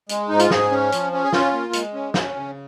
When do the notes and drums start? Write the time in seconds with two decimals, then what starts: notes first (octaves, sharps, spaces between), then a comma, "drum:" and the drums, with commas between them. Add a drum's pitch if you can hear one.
0.09 G#3, drum: hi-hat
0.29 G#2 D#4
0.39 F4, drum: hi-hat
0.50 G#2 G#4, drum: snare
0.71 C#4
0.92 F3, drum: hi-hat
1.12 C#4
1.24 G#4
1.33 C#4 F4, drum: snare
1.53 A#3
1.73 G#3, drum: hi-hat
1.93 C#4
2.14 C#4, drum: snare
2.35 C#3